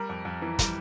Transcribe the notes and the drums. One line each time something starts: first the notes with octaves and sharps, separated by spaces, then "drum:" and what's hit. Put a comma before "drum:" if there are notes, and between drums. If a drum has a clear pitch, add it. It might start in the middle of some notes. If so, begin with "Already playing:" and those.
Already playing: G3 A#4
F2
F2
E3
G3, drum: kick, hi-hat